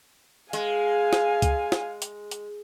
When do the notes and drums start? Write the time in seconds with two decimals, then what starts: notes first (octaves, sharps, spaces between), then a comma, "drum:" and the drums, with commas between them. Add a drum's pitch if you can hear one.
0.53 G#3 F5 G#5, drum: hi-hat
1.13 drum: snare
1.42 drum: kick, hi-hat
1.72 drum: snare
2.02 drum: hi-hat
2.31 drum: hi-hat